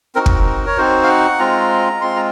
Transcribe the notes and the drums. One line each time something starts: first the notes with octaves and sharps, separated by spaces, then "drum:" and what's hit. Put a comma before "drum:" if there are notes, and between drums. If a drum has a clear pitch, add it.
C4 D#4 F#4 A#4
drum: kick
C#5
C4 D#4 F#4 C5
F5
F#5
G#3 C4 F4 A#5
G#3 C4 F4 C6
A#5